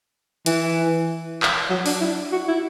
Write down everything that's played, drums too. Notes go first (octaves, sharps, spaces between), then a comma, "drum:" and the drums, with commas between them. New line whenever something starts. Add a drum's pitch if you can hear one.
E3, drum: hi-hat
drum: clap
F#3
D4, drum: open hi-hat
E4
F#4
E4